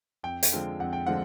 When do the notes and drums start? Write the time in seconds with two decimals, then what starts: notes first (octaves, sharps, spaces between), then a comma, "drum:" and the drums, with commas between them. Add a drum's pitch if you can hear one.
0.23 F2 G5
0.43 drum: hi-hat
0.52 D3 F3 G#3 C4
0.80 F2 F#5
0.93 G5
1.07 D3 F3 G#3 C4 F#5